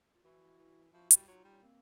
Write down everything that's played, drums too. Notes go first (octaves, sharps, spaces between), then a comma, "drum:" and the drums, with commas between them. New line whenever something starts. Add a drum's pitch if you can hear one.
F4
E3 E4 F#4
E3
F3 E4 F#4
G3, drum: hi-hat
F#3 D#4 F4
G3
C#4
A#3 C4